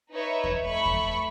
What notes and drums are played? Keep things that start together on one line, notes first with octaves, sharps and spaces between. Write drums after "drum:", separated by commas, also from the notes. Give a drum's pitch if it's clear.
D#4 B4 C#5 E5
drum: kick E2
A3 B5 C#6
drum: kick E2